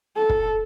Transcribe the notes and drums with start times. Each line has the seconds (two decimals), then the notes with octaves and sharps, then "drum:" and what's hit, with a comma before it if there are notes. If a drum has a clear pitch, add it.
0.16 A4
0.29 drum: kick